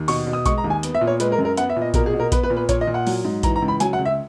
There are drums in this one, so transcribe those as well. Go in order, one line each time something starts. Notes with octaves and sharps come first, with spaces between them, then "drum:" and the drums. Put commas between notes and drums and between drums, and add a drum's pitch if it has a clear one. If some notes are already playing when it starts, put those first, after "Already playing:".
Already playing: D#2
B2 C#6, drum: open hi-hat
B2
D#6
G#3 C#6, drum: kick A#1, hi-hat
A#5
D#2
G#5
B3, drum: hi-hat
E5
A#2
C#5
G#3 B4, drum: hi-hat
A#4
F#2
A#4
B3 F#5, drum: hi-hat
E5
A#2
D#5
B2 A#4, drum: kick A#1, hi-hat
G#4
B2
A#4
B3 B4, drum: kick A#1, hi-hat
B4
A#2
B4
A#2 C#5, drum: kick A#1, hi-hat
D#5
A#2
F#5
F#3, drum: open hi-hat
G#2
E3 A#5, drum: kick A#1, hi-hat
A#5
C#2
B5
F#3 G#5, drum: hi-hat
F#5
C#2
E5